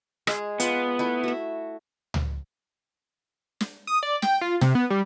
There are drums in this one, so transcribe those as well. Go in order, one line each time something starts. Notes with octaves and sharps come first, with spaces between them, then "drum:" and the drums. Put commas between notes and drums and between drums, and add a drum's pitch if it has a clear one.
G#3 G#4, drum: rim click
B3 F4 C6, drum: hi-hat
A3 E4
F#4 E5
drum: tom C#2
drum: snare
D#6
D5
G5, drum: snare
F4
C3, drum: snare
B3
G3